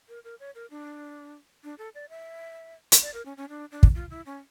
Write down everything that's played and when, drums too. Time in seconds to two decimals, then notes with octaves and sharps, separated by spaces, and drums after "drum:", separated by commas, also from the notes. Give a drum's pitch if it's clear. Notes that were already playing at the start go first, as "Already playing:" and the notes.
0.09 A#4
0.24 A#4
0.40 C#5
0.55 A#4
0.71 D4
1.64 D4
1.78 A4
1.95 D5
2.09 E5
2.92 drum: hi-hat
3.02 D5
3.14 A#4
3.26 C#4
3.37 C#4
3.49 D4
3.72 D4
3.83 drum: kick
3.95 F4
4.10 E4
4.26 C#4